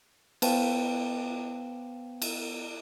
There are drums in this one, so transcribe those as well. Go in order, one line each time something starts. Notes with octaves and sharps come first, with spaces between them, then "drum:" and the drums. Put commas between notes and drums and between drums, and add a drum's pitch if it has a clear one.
B3 B4 C5 F5 G5 A5, drum: cymbal
drum: cymbal